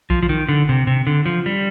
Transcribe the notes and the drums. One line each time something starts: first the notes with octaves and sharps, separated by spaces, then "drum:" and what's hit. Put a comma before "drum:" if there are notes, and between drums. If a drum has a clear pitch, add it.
F3, drum: kick B1
F3
D#3
D3
C3
C3
D3
F3
G3